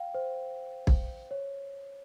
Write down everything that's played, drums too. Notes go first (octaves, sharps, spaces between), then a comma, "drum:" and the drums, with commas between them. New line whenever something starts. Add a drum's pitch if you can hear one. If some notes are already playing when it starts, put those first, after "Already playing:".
Already playing: F5 G5
C5
drum: kick
C#5